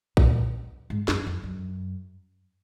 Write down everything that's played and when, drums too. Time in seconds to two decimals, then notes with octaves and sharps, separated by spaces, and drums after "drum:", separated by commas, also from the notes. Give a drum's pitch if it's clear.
0.17 A#2, drum: kick A#1
0.90 G#2
1.08 F#2, drum: snare
1.26 F2
1.43 F#2